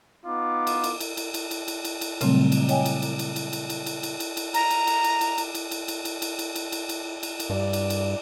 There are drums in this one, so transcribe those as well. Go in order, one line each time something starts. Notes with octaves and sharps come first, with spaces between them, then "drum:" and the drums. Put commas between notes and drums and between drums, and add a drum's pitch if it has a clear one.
B3 D#4 F4 D6
drum: cymbal
drum: cymbal
drum: cymbal
drum: cymbal
drum: cymbal
drum: cymbal
drum: cymbal
drum: cymbal
drum: cymbal
A#2 C#3 F#3 G3 A3 C4, drum: cymbal
drum: cymbal
C#5 D#5 G5 G#5, drum: cymbal
drum: cymbal
drum: cymbal
drum: cymbal
drum: cymbal
drum: cymbal
drum: cymbal
drum: cymbal
drum: cymbal
drum: cymbal
drum: cymbal
A#5, drum: cymbal
drum: cymbal
drum: cymbal
drum: cymbal
drum: cymbal
drum: cymbal
drum: cymbal
drum: cymbal
drum: cymbal
drum: cymbal
drum: cymbal
drum: cymbal
drum: cymbal
drum: cymbal
drum: cymbal
drum: cymbal
drum: cymbal
G2 D5
drum: cymbal
drum: cymbal